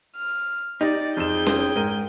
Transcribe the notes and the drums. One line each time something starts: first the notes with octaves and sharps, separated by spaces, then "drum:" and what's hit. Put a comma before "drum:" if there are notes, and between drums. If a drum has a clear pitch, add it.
F6
D#4 G4 D5 D#5
F2 G#4 G5 G6 E7
drum: snare C#4
G#2 A#4 D#7